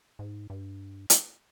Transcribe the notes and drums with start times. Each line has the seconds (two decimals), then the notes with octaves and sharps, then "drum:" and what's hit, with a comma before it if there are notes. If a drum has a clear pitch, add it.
0.19 G#2
0.50 G2
1.10 drum: hi-hat